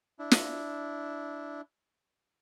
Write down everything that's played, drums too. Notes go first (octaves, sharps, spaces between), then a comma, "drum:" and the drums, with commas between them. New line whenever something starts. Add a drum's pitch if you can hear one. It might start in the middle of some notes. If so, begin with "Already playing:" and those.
D4 E4
drum: snare